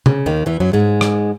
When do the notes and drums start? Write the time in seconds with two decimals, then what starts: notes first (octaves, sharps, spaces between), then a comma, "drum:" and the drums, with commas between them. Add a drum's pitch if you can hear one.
0.06 C#3, drum: tom
0.26 D#2 D#3
0.46 E2 E3
0.60 F#2 F#3
0.73 G#2 G#3
1.01 drum: rim click